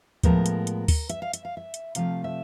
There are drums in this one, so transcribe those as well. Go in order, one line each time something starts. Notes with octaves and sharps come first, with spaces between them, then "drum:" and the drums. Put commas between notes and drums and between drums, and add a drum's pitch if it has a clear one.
A2 F3 G#3 B3 A#4, drum: kick D2, hi-hat
drum: hi-hat
drum: hi-hat
drum: kick D2, open hi-hat
E5, drum: hi-hat
F5
E5, drum: hi-hat
F5
E5
drum: hi-hat
C3 F3 A3 F5, drum: hi-hat
E5